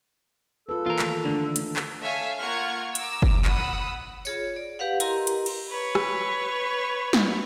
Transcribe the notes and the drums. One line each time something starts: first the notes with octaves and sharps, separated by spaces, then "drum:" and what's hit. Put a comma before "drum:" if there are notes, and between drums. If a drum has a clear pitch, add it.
F4 G#4 A4 B4
E3 A#3 F4 A#4
D#3 A3, drum: clap
D3 D#3 A3 D4
A3, drum: hi-hat
drum: clap
A4 C#5 E5 F5 G#5
A#3 F4 F#5 C#6 F6 G#6
A#5 D6 E6, drum: hi-hat
drum: kick
F#5 B5 D#6 E6, drum: clap
F4 G#4 C#5, drum: tambourine
D5
G4 B4 F5 F#5
E4 G4 A#4 D#5 A#5 C6, drum: hi-hat
drum: hi-hat
drum: cymbal
B4 C#5
drum: rim click
drum: snare